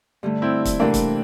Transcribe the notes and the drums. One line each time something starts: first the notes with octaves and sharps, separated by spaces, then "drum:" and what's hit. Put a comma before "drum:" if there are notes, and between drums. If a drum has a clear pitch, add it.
G2 D3 A3
C4 E4
drum: kick, hi-hat
C3 E3 A3 A#3 C4 D4 E4
drum: kick, hi-hat